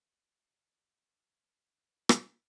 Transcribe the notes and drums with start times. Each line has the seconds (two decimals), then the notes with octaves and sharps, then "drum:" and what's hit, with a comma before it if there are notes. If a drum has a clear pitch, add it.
0.11 D5 F#6
0.98 F6
1.40 A#4
2.09 drum: rim click